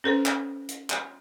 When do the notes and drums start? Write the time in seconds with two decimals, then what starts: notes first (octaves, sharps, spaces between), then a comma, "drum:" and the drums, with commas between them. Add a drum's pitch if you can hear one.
0.04 C#4 A4 B4 C5
0.26 drum: clap
0.69 drum: hi-hat
0.90 drum: clap